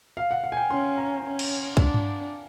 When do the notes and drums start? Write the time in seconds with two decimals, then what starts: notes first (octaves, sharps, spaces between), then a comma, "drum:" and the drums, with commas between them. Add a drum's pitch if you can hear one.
0.17 F5
0.31 F#5
0.44 F#5
0.52 G#5
0.57 G5
0.70 C#4 C6
0.97 A#5
1.24 C#4
1.39 drum: cymbal
1.77 D4, drum: kick C2
1.94 drum: tom G2